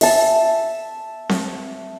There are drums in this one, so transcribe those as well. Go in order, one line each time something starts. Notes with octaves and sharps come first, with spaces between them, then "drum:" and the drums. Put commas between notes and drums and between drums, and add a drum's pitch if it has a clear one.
E5 A5, drum: open hi-hat
drum: snare C4